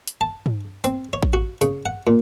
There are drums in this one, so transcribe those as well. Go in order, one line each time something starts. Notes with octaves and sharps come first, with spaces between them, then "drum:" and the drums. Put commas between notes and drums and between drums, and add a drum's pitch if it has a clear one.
drum: hi-hat
A5
drum: tom
C4, drum: hi-hat
C#5
drum: kick A1
F#4
C#3, drum: hi-hat
F#5
A#2